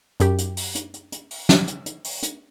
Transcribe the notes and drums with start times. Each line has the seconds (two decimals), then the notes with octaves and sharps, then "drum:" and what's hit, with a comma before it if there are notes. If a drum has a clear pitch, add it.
0.20 F#2 G4, drum: hi-hat
0.38 drum: hi-hat
0.57 drum: open hi-hat
0.75 drum: hi-hat
0.94 drum: hi-hat
1.12 drum: hi-hat
1.31 drum: open hi-hat
1.49 drum: snare
1.67 drum: hi-hat
1.86 drum: hi-hat
2.04 drum: open hi-hat
2.23 drum: hi-hat